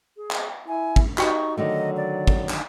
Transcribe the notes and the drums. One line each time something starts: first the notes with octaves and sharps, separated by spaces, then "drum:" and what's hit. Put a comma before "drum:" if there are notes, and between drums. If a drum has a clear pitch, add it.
G#4
drum: clap
E4 G#5
drum: kick
D#4 F#4 G4 G5 C#6, drum: clap
D3 D#3 F#3 A3 D#5
D5
drum: kick
drum: clap